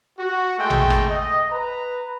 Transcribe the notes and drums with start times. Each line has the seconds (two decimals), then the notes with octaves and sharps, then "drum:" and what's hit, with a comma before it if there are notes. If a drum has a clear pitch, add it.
0.18 F#4
0.58 G#3 A3 G5
0.70 drum: tom A1
0.90 drum: rim click
1.09 D#5
1.51 B4 A#5